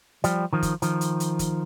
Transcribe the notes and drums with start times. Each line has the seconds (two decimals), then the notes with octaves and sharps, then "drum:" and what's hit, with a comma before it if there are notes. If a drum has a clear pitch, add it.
0.24 F3 G3, drum: hi-hat
0.53 D#3 F3
0.63 drum: kick, hi-hat
0.82 D#3 F3, drum: hi-hat
1.01 drum: hi-hat
1.20 drum: hi-hat
1.39 drum: kick, hi-hat